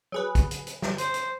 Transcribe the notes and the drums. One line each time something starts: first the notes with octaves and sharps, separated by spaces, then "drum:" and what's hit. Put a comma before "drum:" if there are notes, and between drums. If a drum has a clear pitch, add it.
F#3 G#4 B4
drum: kick, hi-hat
drum: hi-hat
drum: hi-hat
drum: snare
C5, drum: hi-hat
drum: hi-hat